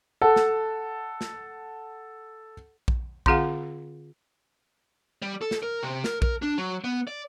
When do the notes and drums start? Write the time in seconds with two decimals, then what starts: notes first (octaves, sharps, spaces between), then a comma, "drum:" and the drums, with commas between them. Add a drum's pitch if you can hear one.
0.21 A4 F#5 A5
0.36 drum: snare
1.21 drum: snare
2.88 drum: kick A#1
3.26 D3 C4 F4 G#4 F5 F#5, drum: kick A#1
5.22 G3
5.41 A4
5.51 drum: snare
5.63 A#4
5.83 C3
6.04 A#4, drum: snare
6.22 A#4, drum: kick A#1
6.42 D4
6.58 F#3
6.84 B3
7.07 D5